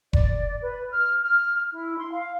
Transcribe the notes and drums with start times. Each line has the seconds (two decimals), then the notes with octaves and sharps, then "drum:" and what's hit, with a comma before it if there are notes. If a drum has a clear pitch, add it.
0.13 D5, drum: kick F1
0.62 B4
0.90 F6
1.23 F6
1.71 E4
1.99 C6
2.12 F5